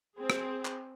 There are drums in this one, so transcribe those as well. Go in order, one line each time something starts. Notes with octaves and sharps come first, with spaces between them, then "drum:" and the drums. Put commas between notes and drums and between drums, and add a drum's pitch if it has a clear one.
C4 G#4
drum: rim click
drum: clap